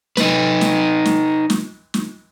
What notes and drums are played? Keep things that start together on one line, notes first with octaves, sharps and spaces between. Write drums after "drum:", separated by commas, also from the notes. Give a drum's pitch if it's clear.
D#4 B4, drum: snare
drum: snare
drum: snare
drum: snare
drum: snare